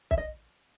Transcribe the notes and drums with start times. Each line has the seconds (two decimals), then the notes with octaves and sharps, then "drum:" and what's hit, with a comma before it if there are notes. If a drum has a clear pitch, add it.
0.11 E5, drum: kick B1
0.18 D#5